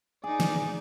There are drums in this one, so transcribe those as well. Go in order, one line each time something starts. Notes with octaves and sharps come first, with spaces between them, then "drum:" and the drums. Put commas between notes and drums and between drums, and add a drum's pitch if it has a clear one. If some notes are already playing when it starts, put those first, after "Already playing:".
D#4 G#4 D5
drum: snare